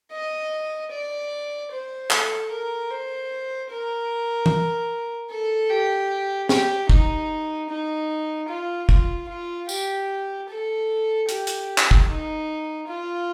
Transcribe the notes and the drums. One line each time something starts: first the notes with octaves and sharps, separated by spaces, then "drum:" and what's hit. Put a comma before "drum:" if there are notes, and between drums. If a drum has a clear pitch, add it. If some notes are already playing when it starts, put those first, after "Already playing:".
D#5
D5
C5
A4, drum: clap
A#4
C5
A#4
drum: tom
A4
G4
G4, drum: snare
D#4, drum: kick
D#4
F4
F4, drum: kick
F4
G4, drum: tambourine
A4
G4, drum: hi-hat
drum: hi-hat
drum: clap
drum: kick
D#4
F4